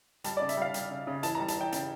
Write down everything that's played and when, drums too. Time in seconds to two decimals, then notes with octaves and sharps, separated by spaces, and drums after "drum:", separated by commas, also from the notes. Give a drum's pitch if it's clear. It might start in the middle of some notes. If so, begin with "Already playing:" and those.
0.24 G3 A5, drum: hi-hat
0.37 D5
0.42 C#3
0.49 E5, drum: hi-hat
0.57 G3 F5
0.74 G3, drum: hi-hat
0.91 C#3
1.07 C#3
1.23 E3 A5, drum: hi-hat
1.35 A#5
1.40 G3
1.48 A5, drum: hi-hat
1.57 E3 G5
1.72 C#3 G5, drum: hi-hat